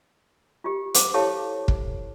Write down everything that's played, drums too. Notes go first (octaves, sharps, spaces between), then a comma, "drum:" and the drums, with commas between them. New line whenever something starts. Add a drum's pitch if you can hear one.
F4 G4
C5 D6, drum: hi-hat
E4 G4 A4 C#5 F5 A5
drum: kick